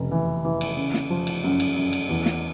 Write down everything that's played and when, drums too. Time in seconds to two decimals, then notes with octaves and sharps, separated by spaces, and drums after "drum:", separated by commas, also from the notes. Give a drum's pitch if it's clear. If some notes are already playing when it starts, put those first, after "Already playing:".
Already playing: F1 C#3
0.11 E3
0.45 E3
0.61 drum: cymbal
0.77 C#3
0.94 drum: snare
1.10 F3
1.27 drum: cymbal
1.44 F#2
1.60 drum: cymbal
1.76 F#2
1.93 drum: cymbal
2.09 E2
2.26 drum: snare